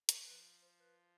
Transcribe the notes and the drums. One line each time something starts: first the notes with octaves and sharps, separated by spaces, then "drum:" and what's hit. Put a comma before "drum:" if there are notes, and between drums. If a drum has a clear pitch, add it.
A4, drum: hi-hat
F3 B4
C5
B4